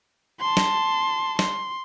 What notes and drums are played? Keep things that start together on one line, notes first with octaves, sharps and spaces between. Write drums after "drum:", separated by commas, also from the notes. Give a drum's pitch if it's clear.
A5 C6
drum: snare
C6, drum: snare